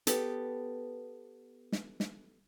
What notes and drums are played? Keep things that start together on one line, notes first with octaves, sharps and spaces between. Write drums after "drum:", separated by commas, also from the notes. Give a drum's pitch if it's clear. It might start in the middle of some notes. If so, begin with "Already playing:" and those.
B3 G4 A4, drum: hi-hat
drum: snare
drum: snare